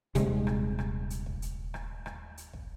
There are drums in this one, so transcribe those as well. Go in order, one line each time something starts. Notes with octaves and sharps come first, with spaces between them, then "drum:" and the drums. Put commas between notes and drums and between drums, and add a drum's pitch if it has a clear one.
D#1 C3 G3 G#3, drum: hi-hat
drum: rim click
drum: rim click
drum: hi-hat
drum: kick
drum: hi-hat
drum: rim click
drum: rim click
drum: hi-hat
drum: kick